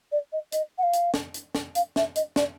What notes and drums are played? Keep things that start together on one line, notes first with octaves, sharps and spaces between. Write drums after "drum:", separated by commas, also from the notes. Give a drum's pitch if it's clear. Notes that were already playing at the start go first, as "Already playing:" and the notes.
D5
D#5
D#5, drum: hi-hat
F#5
F5
drum: hi-hat
drum: snare
drum: hi-hat
drum: snare
F5, drum: hi-hat
E5, drum: snare
D#5, drum: hi-hat
D5, drum: snare